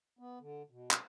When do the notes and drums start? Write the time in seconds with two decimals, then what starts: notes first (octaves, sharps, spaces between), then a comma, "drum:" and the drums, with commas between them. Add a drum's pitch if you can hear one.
0.19 B3
0.41 D3
0.70 B2
0.91 drum: clap